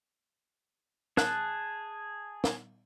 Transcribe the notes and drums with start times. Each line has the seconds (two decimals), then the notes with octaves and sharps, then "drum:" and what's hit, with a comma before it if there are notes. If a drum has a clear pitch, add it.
1.17 G#4 A5 F#6, drum: snare
2.44 drum: snare